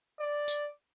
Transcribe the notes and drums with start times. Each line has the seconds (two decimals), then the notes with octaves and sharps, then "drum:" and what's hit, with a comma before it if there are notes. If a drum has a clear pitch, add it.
0.20 D5
0.48 drum: tambourine